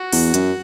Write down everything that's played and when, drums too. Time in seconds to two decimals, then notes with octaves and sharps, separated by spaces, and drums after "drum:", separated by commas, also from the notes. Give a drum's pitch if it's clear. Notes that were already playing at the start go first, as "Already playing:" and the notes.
Already playing: F#4
0.13 E2, drum: open hi-hat
0.34 F#2, drum: hi-hat